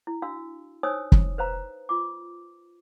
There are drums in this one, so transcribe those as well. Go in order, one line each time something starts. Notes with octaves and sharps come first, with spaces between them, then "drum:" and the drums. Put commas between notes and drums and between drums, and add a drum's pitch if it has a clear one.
E4
D4 F#4 F5 E6
D#4 C5 C#5 G#5 D#6 E6
drum: kick
B4 C5 F5 A#5
F4 D6